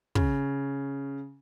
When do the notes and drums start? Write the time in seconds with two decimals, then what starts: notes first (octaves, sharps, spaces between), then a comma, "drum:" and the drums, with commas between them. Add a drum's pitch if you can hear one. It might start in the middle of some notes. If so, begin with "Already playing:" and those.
0.15 C#3, drum: kick